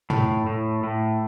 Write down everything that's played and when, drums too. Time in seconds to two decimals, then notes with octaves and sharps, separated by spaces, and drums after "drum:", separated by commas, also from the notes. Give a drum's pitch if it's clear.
0.10 A2, drum: tom
0.47 A2
0.84 A2